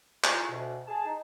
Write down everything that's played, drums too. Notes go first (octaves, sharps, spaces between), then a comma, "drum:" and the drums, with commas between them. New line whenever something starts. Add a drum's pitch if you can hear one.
A2 F3 G#4 A#5 C6 C#6, drum: clap
D2 B2
G#4 A5
D#4